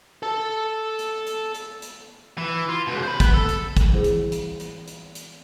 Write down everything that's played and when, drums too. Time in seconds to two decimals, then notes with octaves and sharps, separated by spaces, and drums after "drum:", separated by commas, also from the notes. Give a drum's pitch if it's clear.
0.23 A4 A5
0.99 drum: hi-hat
1.27 drum: hi-hat
1.54 drum: hi-hat
1.82 drum: hi-hat
2.38 E3
2.69 F4
2.87 C#2 B2
3.03 C5 B5
3.20 B3, drum: kick, hi-hat
3.34 A4
3.49 drum: hi-hat
3.77 drum: kick, hi-hat
3.93 E3 G3 C4 E4 G#4 C5
4.04 drum: hi-hat
4.32 drum: hi-hat
4.60 drum: hi-hat
4.88 drum: hi-hat
5.15 drum: hi-hat